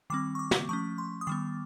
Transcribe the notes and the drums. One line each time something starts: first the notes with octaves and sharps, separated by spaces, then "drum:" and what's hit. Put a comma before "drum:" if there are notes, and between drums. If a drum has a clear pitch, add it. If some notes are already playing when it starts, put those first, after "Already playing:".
D#3 G3 C4 D6
C#6
D6
drum: snare
F3 A3 C#4 C#6
C6
D#6
D#3 G3 B3 D6